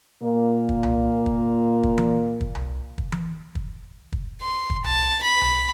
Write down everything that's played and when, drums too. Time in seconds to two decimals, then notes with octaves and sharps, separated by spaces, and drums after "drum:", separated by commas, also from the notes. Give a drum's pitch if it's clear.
0.22 A#2 A#3
0.69 drum: kick
0.83 drum: tom C2
1.26 drum: kick
1.83 drum: kick
1.98 drum: tom E3
2.41 drum: kick
2.55 drum: tom C2
2.98 drum: kick
3.12 drum: tom E3
3.55 drum: kick
4.12 drum: kick
4.41 C6
4.70 drum: kick
4.84 A5, drum: tom C2
5.23 B5
5.41 drum: tom C2